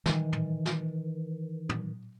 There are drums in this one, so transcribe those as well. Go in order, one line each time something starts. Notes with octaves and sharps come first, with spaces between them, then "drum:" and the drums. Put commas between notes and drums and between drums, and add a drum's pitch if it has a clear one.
D#3 E3, drum: snare
drum: tom
drum: snare
drum: tom